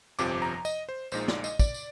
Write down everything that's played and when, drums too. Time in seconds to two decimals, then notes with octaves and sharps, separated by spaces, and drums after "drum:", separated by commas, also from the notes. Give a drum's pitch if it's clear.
0.19 G1 F2 C3 F3 D6, drum: tambourine
0.42 A#5
0.65 D#5, drum: tambourine
0.89 C5
1.12 A#1 A#2 G#3 D#4 C5, drum: tambourine
1.28 D5, drum: snare
1.44 D#5, drum: tambourine
1.59 D5, drum: kick, tambourine
1.74 drum: tambourine